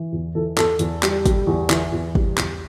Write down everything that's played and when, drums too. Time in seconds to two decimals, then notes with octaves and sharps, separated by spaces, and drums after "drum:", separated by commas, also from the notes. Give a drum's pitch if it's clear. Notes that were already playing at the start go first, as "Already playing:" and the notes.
Already playing: E3
0.12 E2
0.35 E3 A4
0.57 E2 A4, drum: clap
0.79 E2, drum: hi-hat
1.03 G3, drum: clap
1.26 G3, drum: kick, hi-hat
1.47 E2
1.70 E3, drum: clap
1.92 E2
2.15 G3, drum: kick
2.37 E2, drum: clap